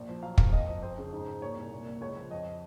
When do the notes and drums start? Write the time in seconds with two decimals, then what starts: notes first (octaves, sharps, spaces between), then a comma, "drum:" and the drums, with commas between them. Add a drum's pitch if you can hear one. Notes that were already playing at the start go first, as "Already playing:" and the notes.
Already playing: A#1
0.09 F3
0.23 F#3 F5
0.38 F#1 F5, drum: kick
0.52 F2 D#5
0.68 F3
0.82 F2 C5
0.98 C#3
1.13 G#2
1.27 G#2
1.42 A#2 C#5
1.56 C2
1.72 A#2
1.86 A#1
2.01 C#2 C#5
2.16 F3
2.31 F2 D#5